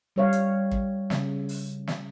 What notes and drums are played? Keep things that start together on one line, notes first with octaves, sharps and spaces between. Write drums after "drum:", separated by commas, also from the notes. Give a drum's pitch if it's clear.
G3 C#5 F5
drum: hi-hat
drum: kick
C#3, drum: snare
drum: open hi-hat
drum: snare